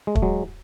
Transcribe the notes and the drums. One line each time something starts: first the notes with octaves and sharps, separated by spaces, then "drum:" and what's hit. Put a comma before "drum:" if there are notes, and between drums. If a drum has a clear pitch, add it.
G#3
A3, drum: kick
F#3 G#3